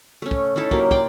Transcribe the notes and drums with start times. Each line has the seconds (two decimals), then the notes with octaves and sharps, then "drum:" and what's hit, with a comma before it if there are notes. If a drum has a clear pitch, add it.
0.22 A3 C#4
0.31 drum: kick
0.56 C#4 D#4 E4 A4
0.71 F#3 A#3 G4 A#4, drum: kick
0.91 D5 G5 C6, drum: kick